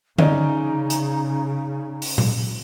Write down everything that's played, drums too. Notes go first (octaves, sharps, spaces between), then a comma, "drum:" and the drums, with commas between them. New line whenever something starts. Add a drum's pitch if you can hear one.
C#3 C#4 D#4 D5 D#5, drum: tom D3
drum: hi-hat
drum: open hi-hat
drum: tom A#2